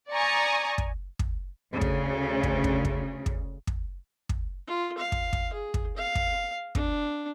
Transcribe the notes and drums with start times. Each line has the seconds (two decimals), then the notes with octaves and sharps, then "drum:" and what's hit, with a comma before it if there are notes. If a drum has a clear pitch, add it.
0.10 D5 G#5 A#5 C#6 D#6
0.78 drum: kick
1.19 drum: kick
1.71 D2 C#3
1.81 drum: kick
2.43 drum: kick
2.64 drum: kick
2.85 drum: kick
3.26 drum: kick
3.67 drum: kick
4.29 drum: kick
4.68 F4
4.98 F5
5.12 drum: kick
5.33 drum: kick
5.53 G#4
5.74 drum: kick
5.96 F5
6.15 drum: kick
6.75 D4, drum: kick